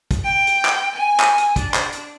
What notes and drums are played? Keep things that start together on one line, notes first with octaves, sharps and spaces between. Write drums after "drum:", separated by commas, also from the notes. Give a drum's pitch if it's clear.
drum: kick, hi-hat
G5
drum: hi-hat
drum: clap
G#5
drum: clap
drum: hi-hat
D4, drum: kick, hi-hat
drum: clap
drum: hi-hat